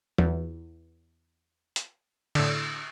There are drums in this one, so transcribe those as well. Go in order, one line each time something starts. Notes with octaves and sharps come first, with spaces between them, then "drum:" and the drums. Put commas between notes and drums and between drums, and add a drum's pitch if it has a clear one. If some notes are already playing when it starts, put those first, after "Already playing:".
E2, drum: tom
drum: hi-hat
A2 D3, drum: cymbal